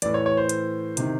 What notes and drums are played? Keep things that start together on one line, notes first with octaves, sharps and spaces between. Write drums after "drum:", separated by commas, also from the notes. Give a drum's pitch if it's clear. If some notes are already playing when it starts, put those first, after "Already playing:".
A2 E3 D5, drum: hi-hat
C#5
C#5
C5
drum: hi-hat
C3 D#3, drum: hi-hat